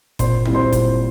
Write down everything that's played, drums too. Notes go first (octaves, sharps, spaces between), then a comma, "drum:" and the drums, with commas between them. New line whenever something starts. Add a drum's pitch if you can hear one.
A#2 C5 C6, drum: kick G1, hi-hat
G3 C4 E4, drum: tom B1
C5 C6
A#2, drum: kick G1, hi-hat